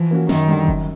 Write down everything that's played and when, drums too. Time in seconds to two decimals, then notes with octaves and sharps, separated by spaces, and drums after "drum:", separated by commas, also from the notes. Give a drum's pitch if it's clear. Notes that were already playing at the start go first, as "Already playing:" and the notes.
Already playing: E3 F3
0.11 A#3 C#4 F#4
0.29 F#2 D#3, drum: snare
0.48 D3 G3
0.67 F#2, drum: kick F#1